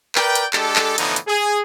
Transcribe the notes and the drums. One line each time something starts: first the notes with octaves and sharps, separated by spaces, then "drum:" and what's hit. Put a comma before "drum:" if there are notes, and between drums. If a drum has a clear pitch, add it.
A#4 B4 D5 G5, drum: clap
drum: hi-hat
G#3 D4 G4 A4, drum: clap
drum: clap
A2 D3 E3 F3 B3 D#4, drum: hi-hat
drum: hi-hat
G#4